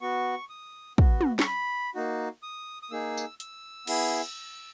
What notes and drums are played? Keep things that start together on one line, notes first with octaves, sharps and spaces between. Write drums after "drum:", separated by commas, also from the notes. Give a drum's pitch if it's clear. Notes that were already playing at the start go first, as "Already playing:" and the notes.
B3 F#4 C#6
D#6
B3 F#4, drum: kick
drum: tom
C#6, drum: snare
B5
A#3 D#4 F#4
D#6
D#6
A#3 D#4 G#4 E6
drum: tambourine
E6, drum: hi-hat
B3 E4 G#4, drum: cymbal